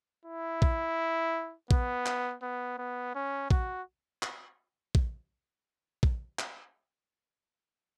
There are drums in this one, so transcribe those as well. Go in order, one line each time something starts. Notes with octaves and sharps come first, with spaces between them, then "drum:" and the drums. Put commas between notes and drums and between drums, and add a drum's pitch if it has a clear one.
E4
drum: kick A#1
B3, drum: kick A#1
drum: clap
B3
B3
C#4
F#4, drum: kick A#1
drum: clap
drum: kick A#1
drum: kick A#1
drum: clap